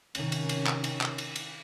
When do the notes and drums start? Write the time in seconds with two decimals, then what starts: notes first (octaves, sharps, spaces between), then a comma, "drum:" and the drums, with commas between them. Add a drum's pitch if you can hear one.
0.15 C3 D#3 C#4, drum: cymbal
0.32 drum: cymbal
0.49 drum: cymbal
0.67 drum: clap
0.84 drum: cymbal
1.01 drum: clap
1.18 drum: cymbal
1.36 drum: cymbal